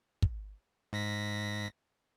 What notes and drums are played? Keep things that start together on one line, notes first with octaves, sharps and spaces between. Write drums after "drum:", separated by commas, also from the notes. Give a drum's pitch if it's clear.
drum: kick
G#2 A#6 B6